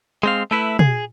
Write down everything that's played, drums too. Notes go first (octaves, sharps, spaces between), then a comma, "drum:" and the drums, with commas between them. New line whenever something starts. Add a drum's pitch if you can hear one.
G#3 C4 F5
A3 E4 B4
G#4, drum: tom